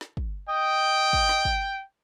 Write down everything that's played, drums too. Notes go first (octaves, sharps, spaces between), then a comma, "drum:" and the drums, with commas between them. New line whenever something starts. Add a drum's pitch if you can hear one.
drum: snare
drum: kick
D#5 G5
drum: kick
drum: snare
drum: kick